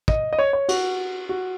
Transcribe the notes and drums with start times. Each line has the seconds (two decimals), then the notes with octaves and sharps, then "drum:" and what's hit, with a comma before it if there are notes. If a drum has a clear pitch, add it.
0.08 D#5, drum: kick
0.33 D#5
0.39 C#5
0.53 C#5
0.69 F#4, drum: cymbal
1.29 F#4